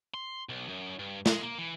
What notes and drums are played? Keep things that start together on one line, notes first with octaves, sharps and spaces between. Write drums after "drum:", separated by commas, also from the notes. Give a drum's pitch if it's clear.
C6
B1
F#2
G2
G#3, drum: snare
A#3
E3